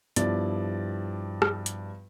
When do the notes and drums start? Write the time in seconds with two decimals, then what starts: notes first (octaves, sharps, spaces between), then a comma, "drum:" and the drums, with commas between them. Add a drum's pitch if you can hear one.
0.16 G2 B2 F3 E4 D5 A6, drum: hi-hat
1.42 drum: rim click
1.66 drum: hi-hat